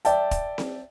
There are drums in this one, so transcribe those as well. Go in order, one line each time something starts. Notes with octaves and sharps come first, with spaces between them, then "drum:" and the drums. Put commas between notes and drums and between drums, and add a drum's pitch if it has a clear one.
D5 E5 G5 A5, drum: hi-hat
drum: kick, hi-hat
drum: snare C4